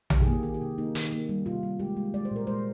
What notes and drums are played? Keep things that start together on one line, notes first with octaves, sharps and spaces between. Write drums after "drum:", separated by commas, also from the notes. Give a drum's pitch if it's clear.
D#3 G4, drum: tom A#1
G#4
A#3 G4
D#3 G#4
G4
C3
A#3 D#4
D#3, drum: hi-hat
A#3
G3
C3 F4
G3
G#3 G4
G#3
G#3 D5
C5
A#2 A#4
G#3 C5